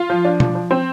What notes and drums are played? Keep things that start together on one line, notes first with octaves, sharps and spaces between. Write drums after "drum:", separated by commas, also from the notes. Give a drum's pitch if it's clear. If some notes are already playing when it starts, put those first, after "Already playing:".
Already playing: F4
F3
D4
F3, drum: tom B2
F3
C4